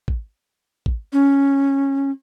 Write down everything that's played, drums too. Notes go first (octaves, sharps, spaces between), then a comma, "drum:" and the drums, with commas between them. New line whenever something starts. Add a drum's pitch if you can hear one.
drum: kick
drum: kick
C#4